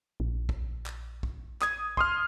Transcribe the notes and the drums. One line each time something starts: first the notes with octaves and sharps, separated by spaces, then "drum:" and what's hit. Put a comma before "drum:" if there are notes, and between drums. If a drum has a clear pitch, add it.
A#1
drum: kick
drum: clap
drum: kick
D#6 G#6, drum: clap
C6 D#6 F6, drum: kick